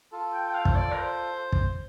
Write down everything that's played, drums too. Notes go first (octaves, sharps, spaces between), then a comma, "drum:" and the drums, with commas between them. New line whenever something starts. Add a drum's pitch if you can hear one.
F4 A4
G5
G5
F5
C5, drum: kick
D5
A#4
C5
drum: kick